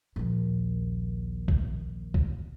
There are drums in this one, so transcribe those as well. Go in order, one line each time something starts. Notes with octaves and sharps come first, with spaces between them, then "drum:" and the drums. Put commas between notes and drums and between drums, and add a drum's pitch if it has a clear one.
A#1 D#2
drum: kick B1
drum: kick B1